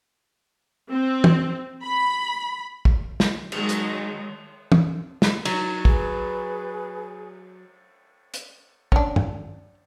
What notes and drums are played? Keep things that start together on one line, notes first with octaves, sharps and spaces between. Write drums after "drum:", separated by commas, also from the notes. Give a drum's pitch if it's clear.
C4
drum: tom
B5
drum: kick
drum: snare
D#3 F#3 G#3, drum: cymbal
drum: hi-hat
drum: tom
drum: snare
F#3 D#4, drum: cymbal
G#4 B4, drum: kick
drum: hi-hat
C#4 D4, drum: kick
drum: tom G2